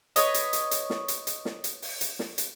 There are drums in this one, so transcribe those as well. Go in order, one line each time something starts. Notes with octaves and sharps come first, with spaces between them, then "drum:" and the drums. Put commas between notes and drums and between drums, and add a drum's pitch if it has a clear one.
B4 C#5 D#5, drum: hi-hat
drum: hi-hat
drum: hi-hat
drum: hi-hat
drum: snare
drum: hi-hat
drum: hi-hat
drum: snare
drum: hi-hat
drum: open hi-hat
drum: hi-hat
drum: snare
drum: hi-hat